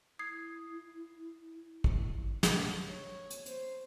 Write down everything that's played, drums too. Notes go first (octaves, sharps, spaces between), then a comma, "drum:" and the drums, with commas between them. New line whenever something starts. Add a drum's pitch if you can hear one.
E4 D#6 G#6 C7
drum: kick
drum: snare
C#5
drum: hi-hat
C5, drum: hi-hat